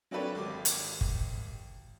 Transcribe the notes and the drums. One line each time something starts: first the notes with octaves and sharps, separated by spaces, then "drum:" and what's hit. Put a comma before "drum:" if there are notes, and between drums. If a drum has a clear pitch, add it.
F#3 C4 D4 A4 B4 C#5
G#1 G4 D6
drum: hi-hat
drum: kick